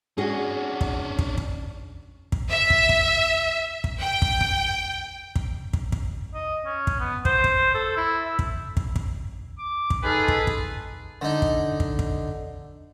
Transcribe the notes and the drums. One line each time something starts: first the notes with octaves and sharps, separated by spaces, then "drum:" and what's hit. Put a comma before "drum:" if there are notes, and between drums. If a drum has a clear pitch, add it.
C#4 D4 F#4 G#4
drum: kick
drum: kick
drum: kick
drum: kick
E5
drum: kick
drum: kick
drum: kick
G5
drum: kick
drum: kick
drum: kick
drum: kick
drum: kick
D#5
C#4
drum: kick
B3
C5, drum: kick
drum: kick
A4
E4
E5
drum: kick
drum: kick
drum: kick
D6
drum: kick
D#4 F4 G#4 A4 B4
drum: kick
drum: kick
D3 D#4
drum: kick
drum: kick
drum: kick